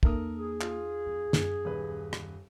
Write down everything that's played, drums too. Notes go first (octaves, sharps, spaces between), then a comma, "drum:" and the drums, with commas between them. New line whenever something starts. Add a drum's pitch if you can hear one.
E2 A#3 A4 A#4 D#6, drum: kick
G#4
F4, drum: clap
F2
F#2, drum: snare
D#1 B4
drum: rim click